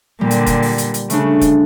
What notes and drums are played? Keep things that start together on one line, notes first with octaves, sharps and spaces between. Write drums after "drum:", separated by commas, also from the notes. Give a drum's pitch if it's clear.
A#2 D3 G3
drum: hi-hat
drum: kick E1, hi-hat
drum: open hi-hat
drum: hi-hat
drum: hi-hat
C#3 A3 D4, drum: hi-hat
drum: kick E1, hi-hat